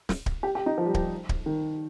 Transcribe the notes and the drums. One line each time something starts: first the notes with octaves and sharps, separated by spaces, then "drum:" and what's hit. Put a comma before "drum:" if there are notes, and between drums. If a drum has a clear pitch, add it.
drum: snare
drum: kick D1
G4
G4
D#4
F3
G3
F3, drum: kick D1
drum: kick D1
D#3